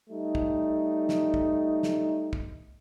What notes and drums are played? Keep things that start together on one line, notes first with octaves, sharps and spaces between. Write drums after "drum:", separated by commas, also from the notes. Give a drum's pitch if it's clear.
G3 A3 D#4
drum: kick
drum: snare
drum: kick
drum: snare
drum: kick